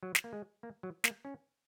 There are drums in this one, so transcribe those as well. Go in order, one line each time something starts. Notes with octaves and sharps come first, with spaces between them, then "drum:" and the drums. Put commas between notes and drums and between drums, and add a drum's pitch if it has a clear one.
F#3
drum: snare
A#3
G#3
A#3
F#3
A#3, drum: snare
C#4